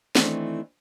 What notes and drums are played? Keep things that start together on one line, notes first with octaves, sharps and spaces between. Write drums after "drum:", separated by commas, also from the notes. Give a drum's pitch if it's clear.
D#3 E3 A3 C4 D4, drum: snare